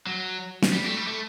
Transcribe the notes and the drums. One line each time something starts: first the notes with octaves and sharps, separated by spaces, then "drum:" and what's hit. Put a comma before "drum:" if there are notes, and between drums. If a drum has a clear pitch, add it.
F#3
drum: snare
G3
A3
G3
A3